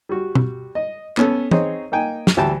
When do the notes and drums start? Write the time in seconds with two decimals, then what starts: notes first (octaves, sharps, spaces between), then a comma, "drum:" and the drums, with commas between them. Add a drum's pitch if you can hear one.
0.09 G3 F#4
0.35 drum: tom B2
0.75 D#5
1.17 B3 C#4 A4, drum: clap
1.51 C4 D#4 G#4 C5 C#5, drum: tom E3
1.92 A#3 D#4 G5 G#5
2.27 drum: snare
2.37 D2 E3 G3 G5 A5